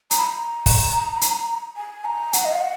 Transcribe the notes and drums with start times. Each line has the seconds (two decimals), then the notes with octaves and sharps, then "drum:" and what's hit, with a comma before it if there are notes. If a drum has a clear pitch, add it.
0.11 A#5, drum: hi-hat
0.18 B5
0.24 A#5
0.66 drum: kick, open hi-hat
1.21 drum: hi-hat
1.76 G#5
2.05 A#5
2.33 F#5, drum: hi-hat
2.45 D#5
2.53 F5
2.61 F#5